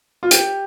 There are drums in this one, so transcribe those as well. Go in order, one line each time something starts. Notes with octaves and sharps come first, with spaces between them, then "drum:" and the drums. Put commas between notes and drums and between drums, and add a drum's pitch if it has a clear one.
F4
G4, drum: hi-hat